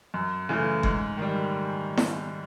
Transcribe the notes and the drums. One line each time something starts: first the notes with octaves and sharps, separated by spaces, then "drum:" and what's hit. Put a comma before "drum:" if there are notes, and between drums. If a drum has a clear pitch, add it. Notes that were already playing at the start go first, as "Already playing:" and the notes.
F#2
C#3 E3 A3
G#2, drum: kick F#1
D#3 G3
drum: snare E4